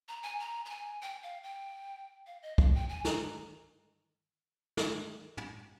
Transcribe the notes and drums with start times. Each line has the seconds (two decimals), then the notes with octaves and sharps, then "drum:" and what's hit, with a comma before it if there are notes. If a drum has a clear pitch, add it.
0.09 A#5
0.23 G#5
0.40 A#5
0.65 A#5
0.70 G#5
1.02 G5
1.23 F5
1.43 G5
2.27 F5
2.42 D#5
2.58 F5, drum: kick
2.75 G5
2.89 G#5
3.05 A#5, drum: snare
4.77 drum: snare
5.37 drum: tom